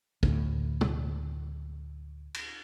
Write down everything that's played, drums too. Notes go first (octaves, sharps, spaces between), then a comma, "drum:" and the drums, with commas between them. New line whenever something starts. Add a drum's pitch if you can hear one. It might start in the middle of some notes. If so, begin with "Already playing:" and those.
D2 A2, drum: kick
drum: tom
drum: cymbal